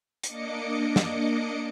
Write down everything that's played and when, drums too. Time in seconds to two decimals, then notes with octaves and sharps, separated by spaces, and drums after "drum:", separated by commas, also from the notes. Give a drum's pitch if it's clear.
0.23 A#3 D4 D#5 D6 C#7, drum: hi-hat
0.96 drum: snare